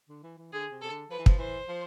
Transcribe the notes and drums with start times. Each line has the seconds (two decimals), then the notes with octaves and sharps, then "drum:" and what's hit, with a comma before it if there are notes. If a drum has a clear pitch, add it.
0.09 D3
0.23 E3
0.38 E3
0.53 D3 G#4
0.71 C3
0.81 C3 A4
0.90 D3
1.09 F3 B4
1.19 E3
1.26 F3, drum: kick
1.38 E3 C5
1.68 F3